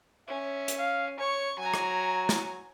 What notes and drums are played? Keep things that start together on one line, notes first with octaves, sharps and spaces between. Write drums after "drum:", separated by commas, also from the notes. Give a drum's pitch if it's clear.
C#4 E5
drum: hi-hat
F5
C#5 C#6
F#3 G#5 A#5
drum: rim click
drum: snare